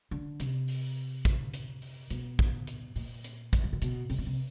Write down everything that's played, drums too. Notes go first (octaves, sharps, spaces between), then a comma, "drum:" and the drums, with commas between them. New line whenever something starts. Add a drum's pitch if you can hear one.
D3
C3, drum: hi-hat
drum: open hi-hat
drum: kick, hi-hat
drum: hi-hat
drum: open hi-hat
B2, drum: hi-hat
drum: kick
drum: hi-hat
A#2, drum: open hi-hat
drum: hi-hat
drum: kick, hi-hat
A2
A#2
B2, drum: hi-hat
C3, drum: open hi-hat
B2
C3